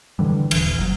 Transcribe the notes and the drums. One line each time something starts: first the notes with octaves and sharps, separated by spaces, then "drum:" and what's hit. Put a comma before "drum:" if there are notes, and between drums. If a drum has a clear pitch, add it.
D3 E3 G3
D#1 A#1 E3, drum: cymbal
F#1 F#3